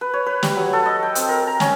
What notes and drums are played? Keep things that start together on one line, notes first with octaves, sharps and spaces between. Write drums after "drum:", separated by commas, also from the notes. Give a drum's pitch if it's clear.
B4
C#5
B4
G3, drum: snare
F#3
A4
D#5
G5
C4, drum: hi-hat
A#4
A#5
C#4, drum: snare